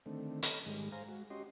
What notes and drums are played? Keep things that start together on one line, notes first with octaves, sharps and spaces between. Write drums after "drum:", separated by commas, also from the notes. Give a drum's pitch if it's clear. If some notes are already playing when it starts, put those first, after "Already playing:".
D3 D#3 A3 C4
A4 C#5 D#5 A#5 B5 F6, drum: hi-hat
G#2 D#3 G3 G#3
G#4 C5 F5 A#5
G#3 F#4
C#4 F#4 G4 D#5 C6